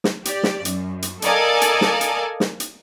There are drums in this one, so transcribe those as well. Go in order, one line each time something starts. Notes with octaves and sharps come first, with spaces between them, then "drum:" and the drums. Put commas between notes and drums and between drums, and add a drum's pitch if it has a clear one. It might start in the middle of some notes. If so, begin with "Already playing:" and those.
drum: snare
G4 D5, drum: hi-hat
drum: snare
F#2, drum: hi-hat
drum: hi-hat
A4 A#4 D5 D#5 F5 G#5, drum: hi-hat
drum: hi-hat
drum: snare
drum: hi-hat
drum: snare
drum: hi-hat